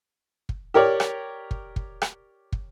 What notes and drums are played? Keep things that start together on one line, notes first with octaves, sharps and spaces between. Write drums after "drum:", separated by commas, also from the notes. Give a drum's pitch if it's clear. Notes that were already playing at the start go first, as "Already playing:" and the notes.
drum: kick
G4 A#4 C#5 D5
drum: rim click
drum: kick
drum: kick
drum: rim click
drum: kick